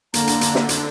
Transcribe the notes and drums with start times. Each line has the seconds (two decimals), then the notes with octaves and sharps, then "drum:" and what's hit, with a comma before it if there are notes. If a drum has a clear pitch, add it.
0.14 D3 A#3 A#5, drum: hi-hat
0.27 drum: hi-hat
0.41 drum: hi-hat
0.55 drum: snare
0.69 drum: hi-hat